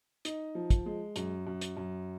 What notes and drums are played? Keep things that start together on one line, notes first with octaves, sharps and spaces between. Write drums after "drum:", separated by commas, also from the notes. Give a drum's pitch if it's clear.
D#4, drum: hi-hat
F3
drum: kick, hi-hat
G#3
F#2, drum: hi-hat
F#2
drum: hi-hat
F#2